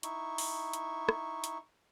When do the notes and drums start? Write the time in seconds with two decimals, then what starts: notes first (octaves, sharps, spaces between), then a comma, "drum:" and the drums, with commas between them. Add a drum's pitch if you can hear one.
0.03 D#4 E4 C#6, drum: hi-hat
0.38 drum: open hi-hat
0.73 drum: hi-hat
1.09 drum: rim click
1.44 drum: hi-hat